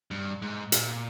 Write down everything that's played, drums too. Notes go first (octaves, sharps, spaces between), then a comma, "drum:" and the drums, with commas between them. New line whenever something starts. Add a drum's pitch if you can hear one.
G2
G#2
A#2, drum: hi-hat